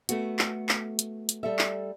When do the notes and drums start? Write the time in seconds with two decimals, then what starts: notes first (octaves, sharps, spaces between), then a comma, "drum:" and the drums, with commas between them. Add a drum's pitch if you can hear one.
0.09 A3 B3 F#4, drum: hi-hat
0.39 drum: clap
0.69 drum: clap
0.99 drum: hi-hat
1.29 drum: hi-hat
1.43 G3 A4 E5
1.59 drum: clap